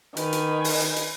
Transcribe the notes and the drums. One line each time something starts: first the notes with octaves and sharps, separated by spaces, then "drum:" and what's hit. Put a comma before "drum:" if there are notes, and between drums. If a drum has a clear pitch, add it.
D#3 B4 G#5, drum: hi-hat
drum: hi-hat
drum: open hi-hat
drum: hi-hat
drum: hi-hat